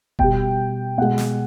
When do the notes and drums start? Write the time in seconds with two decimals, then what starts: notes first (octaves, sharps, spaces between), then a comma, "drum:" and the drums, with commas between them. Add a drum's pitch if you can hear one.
0.19 B2 G3 G5, drum: kick F1
0.98 B2 G#3 F#5
1.18 drum: snare